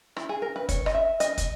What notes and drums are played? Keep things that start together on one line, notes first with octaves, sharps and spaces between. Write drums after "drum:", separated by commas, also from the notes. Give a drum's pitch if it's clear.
E4, drum: rim click
G#4
A#4
B4
C#5, drum: kick, hi-hat
D#5, drum: rim click
E5
D#5, drum: hi-hat
drum: kick, hi-hat